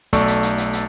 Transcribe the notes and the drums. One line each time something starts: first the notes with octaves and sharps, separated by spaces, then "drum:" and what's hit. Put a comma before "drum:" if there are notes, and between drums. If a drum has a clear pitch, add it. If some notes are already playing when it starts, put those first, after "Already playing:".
B1 A3 A4 D5 A5 C#6, drum: kick, hi-hat
drum: hi-hat
drum: hi-hat
drum: hi-hat
drum: hi-hat